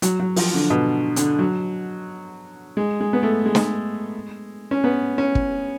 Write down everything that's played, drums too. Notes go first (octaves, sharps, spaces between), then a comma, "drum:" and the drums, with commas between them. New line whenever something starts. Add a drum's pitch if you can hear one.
F#3, drum: hi-hat
F#3
F3, drum: open hi-hat
D3
B2
D3, drum: hi-hat
F#3
G#3
G#3
B3
A3
G#3
drum: snare
C#4
B3
C#4
drum: kick